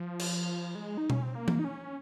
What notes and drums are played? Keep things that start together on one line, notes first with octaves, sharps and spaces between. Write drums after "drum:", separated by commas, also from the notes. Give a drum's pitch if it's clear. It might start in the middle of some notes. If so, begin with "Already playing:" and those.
Already playing: F3
drum: cymbal
G#3
D#4
C#4, drum: tom B2
C4
A#3
drum: tom E3
D#4
C#4